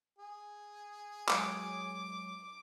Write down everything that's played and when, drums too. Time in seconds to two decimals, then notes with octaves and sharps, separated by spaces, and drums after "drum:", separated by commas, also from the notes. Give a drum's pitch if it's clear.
0.19 G#4
1.29 F#3 G#3 C#5 D6, drum: clap